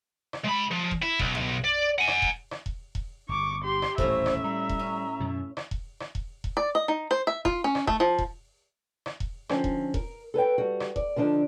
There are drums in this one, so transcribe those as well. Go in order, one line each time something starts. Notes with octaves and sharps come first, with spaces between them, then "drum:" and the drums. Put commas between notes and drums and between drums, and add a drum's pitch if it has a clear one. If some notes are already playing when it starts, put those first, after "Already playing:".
drum: rim click
G#3 B5
F3
drum: kick E1
E4
B1, drum: kick E1
drum: tom B1
D5
F#5 G#5
drum: rim click
drum: kick E1
drum: rim click
drum: kick E1
drum: kick E1
G1 C#6 D6
G4 C6
drum: rim click
D#1 A1 A2 A#3 C#4 C5 E5, drum: kick E1
drum: rim click
G3 A#5
drum: kick E1
C#4
F#2 B2
drum: rim click
drum: kick E1
drum: rim click
drum: kick E1
drum: kick E1
D5
D#5
D#4
C5
E5
F4, drum: kick E1
C#4
drum: rim click
A3, drum: kick E1
F3
drum: kick E1
drum: rim click
drum: kick E1
D3 F3 C4 C#4 D#4, drum: rim click
drum: kick E1
A#4, drum: kick E1
A4 B4 C#5 G5
G3 F#4
drum: rim click
D5, drum: kick E1
D3 D#3 F3 D4